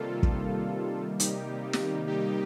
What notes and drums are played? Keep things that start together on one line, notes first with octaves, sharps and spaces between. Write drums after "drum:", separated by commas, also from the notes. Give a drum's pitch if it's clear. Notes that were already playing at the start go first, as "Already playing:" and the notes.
Already playing: C3 D#3 G3 A#3 F4 A4
drum: kick
D#4 G4, drum: hi-hat
drum: snare
D#4 G4